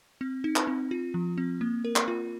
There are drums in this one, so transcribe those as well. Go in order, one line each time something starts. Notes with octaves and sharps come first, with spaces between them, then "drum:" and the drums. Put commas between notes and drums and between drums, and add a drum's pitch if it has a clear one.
C4
D#4
drum: clap
C4
F4
F3
C4
A#3
A#4
drum: clap
F4